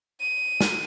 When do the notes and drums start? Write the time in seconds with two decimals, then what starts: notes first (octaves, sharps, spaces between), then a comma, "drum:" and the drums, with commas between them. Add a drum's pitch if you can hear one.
0.20 D#7
0.61 drum: snare